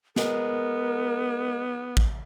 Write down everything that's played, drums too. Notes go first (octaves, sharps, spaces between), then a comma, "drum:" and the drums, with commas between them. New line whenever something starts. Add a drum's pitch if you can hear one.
G#3 B3 A#4, drum: snare
drum: kick